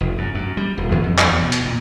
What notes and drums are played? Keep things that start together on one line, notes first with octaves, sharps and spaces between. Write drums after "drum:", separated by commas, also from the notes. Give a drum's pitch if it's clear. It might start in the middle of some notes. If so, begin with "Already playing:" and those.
F1
F#2
F#2
G3
D#1
D#2
F2
drum: clap
E2
B2
drum: hi-hat
A#2